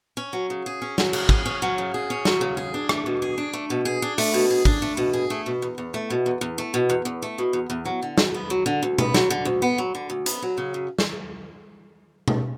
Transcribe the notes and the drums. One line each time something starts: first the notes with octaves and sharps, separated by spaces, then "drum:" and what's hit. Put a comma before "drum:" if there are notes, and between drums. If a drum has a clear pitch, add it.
C#4
F#3
C#3
G#4
C#4
F#3, drum: snare
C#3, drum: cymbal
G#4, drum: kick
C#4
F#3
C#3
G#4
C#4
F#3, drum: snare
C#3
G#4
D4
A3, drum: rim click
B2
G#4
D4
A3
B2
G#4
D4
A3, drum: open hi-hat
B2
G#4
D4, drum: kick
A3
B2
G#4
A3
B2
E2
E2
A3
B2
E2
E2
A3
B2
E2
E2
A3
B2
E2
E2
F#3
D3
D2, drum: snare
B3
F#3
D3
D2
B3, drum: tom B2
F#3, drum: snare
D3
D2
B3
F#3
D3
D2
B3, drum: hi-hat
F#3
C#3
F#2
drum: snare
drum: tom B2